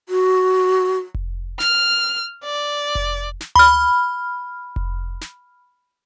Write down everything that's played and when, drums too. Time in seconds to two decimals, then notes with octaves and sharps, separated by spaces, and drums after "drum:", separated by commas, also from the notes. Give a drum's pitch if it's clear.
0.09 F#4
1.14 drum: kick F1
1.60 F6, drum: snare
2.44 D5
2.95 drum: kick F1
3.41 drum: snare
3.56 B5 F6, drum: tom D2
4.76 drum: kick F1
5.21 drum: snare